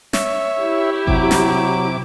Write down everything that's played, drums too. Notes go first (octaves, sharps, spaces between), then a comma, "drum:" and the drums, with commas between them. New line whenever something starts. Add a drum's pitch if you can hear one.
C#5 E5, drum: snare
E4 G4
C3 F#3 D6, drum: kick G1
drum: snare